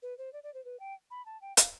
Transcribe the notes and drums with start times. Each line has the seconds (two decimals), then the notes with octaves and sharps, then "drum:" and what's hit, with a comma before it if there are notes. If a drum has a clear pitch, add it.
0.02 B4
0.18 C5
0.33 D5
0.43 D5
0.54 C5
0.65 B4
0.80 G5
1.11 B5
1.26 A5
1.42 G5
1.57 F5, drum: hi-hat